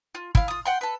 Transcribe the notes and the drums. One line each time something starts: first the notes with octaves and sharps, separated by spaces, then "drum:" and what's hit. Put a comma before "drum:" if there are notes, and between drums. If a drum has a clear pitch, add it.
F4
E4 F5, drum: kick
F4 D#6
F#5 G5 C6
A4 B4